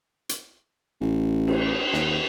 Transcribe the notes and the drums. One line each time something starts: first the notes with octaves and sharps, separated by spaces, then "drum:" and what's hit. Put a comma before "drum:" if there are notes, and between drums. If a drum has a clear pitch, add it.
drum: hi-hat
A1
drum: cymbal
D#2, drum: snare